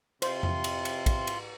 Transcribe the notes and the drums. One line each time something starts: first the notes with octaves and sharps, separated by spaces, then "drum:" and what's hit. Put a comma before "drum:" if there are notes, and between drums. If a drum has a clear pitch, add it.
C3 F4 C5 C6, drum: cymbal
drum: tom F2
drum: cymbal
drum: cymbal
drum: kick, cymbal
drum: cymbal